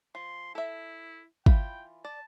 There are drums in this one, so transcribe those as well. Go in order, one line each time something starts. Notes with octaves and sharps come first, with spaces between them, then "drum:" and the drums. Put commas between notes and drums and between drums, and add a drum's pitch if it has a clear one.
F3 C6
E4 A4 E5
E3 F4 G5 B5, drum: kick
D5 A5